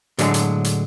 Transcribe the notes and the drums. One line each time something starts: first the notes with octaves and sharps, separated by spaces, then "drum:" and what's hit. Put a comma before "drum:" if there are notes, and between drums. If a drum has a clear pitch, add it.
A2 D3 F#3 G#3, drum: hi-hat
drum: hi-hat
drum: hi-hat